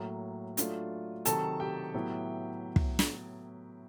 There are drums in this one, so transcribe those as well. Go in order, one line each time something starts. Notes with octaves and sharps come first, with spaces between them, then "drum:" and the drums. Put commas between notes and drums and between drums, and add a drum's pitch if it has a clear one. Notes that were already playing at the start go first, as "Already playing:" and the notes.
Already playing: A2 F#3 A#3
F#3 A3 D4 F4, drum: hi-hat
C3 D#3 F#3 A4 A5, drum: hi-hat
G4 G5
A2 F#3 B3 E4
drum: kick
drum: snare